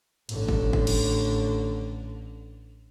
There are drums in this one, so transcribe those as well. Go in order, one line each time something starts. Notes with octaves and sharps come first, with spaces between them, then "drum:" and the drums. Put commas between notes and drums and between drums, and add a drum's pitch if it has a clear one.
A1 D3, drum: cymbal
drum: kick G1
drum: kick G1
drum: cymbal